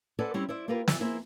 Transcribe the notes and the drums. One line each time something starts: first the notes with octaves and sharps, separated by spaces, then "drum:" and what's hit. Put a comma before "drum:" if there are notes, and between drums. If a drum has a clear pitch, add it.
A4 B4 C5 D5 F#5 G#5
G3 C4 C#4 E4 G4
E4 C5 D5 E5
A#3 E4 F4 G4 A#4 B4
E3 G3 E5, drum: snare
A#3 E4 G#4 C5 E5